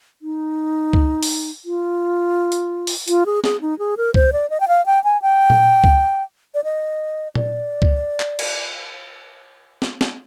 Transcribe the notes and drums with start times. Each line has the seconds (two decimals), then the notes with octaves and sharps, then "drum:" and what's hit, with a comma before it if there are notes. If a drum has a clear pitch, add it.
0.22 D#4
0.93 drum: kick C#2
1.23 drum: open hi-hat
1.65 F4
2.52 drum: hi-hat
2.87 drum: open hi-hat
3.08 F4, drum: hi-hat
3.26 G#4
3.44 G#4, drum: snare
3.61 D#4
3.79 G#4
3.97 A#4
4.14 C5, drum: kick C#2
4.33 D5
4.50 D#5
4.60 G5
4.68 F5
4.86 G5
5.04 G#5
5.22 G5
5.50 drum: tom A#2
5.84 drum: kick C#2
6.54 D5
6.64 D#5
7.35 D5, drum: tom A#2
7.82 drum: kick C#2
8.20 drum: clap
8.39 drum: cymbal
9.82 drum: snare
10.01 drum: snare